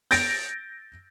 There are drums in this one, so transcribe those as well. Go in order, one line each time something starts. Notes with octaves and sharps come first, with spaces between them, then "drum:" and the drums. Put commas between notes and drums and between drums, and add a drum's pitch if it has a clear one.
G6 A6 A#6 D7, drum: open hi-hat